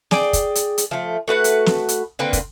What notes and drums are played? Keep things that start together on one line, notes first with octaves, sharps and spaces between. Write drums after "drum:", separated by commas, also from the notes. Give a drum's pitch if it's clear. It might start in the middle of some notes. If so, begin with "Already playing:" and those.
G#4 D5 G5, drum: snare
drum: kick, hi-hat
drum: hi-hat
drum: hi-hat
F3 A3
A3 F#4 B4 F#5
drum: hi-hat
drum: snare
drum: hi-hat
D3 A#3 C4 B4
drum: kick, hi-hat